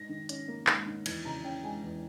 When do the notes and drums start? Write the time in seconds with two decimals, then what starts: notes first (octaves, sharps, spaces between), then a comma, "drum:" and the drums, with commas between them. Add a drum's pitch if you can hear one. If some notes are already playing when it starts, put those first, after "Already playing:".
Already playing: G#2 A#6
0.09 D#3
0.29 C#4, drum: hi-hat
0.48 A#3
0.67 G#2, drum: clap
0.86 D#3
1.06 E2 G#6, drum: cymbal
1.25 C#3 A#5
1.44 C#4 G5
1.64 G#3 G#5
1.84 E2